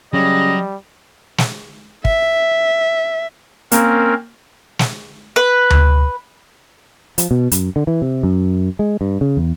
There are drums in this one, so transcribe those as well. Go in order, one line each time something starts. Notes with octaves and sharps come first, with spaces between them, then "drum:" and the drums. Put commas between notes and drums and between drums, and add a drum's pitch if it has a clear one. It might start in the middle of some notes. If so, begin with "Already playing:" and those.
C#3 F#3 G3 D#5
drum: snare
E5, drum: kick
A#3 C4 C#4 A#4, drum: hi-hat
drum: snare
B4
drum: tom D2
F3, drum: hi-hat
B2
F#2, drum: hi-hat
D3
E3
C3
F#2
G#3
G2
C#3
E2